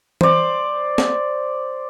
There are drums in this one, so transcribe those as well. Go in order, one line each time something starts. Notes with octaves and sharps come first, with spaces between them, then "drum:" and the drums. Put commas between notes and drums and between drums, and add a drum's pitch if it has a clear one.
C5 D5, drum: tom E3
drum: snare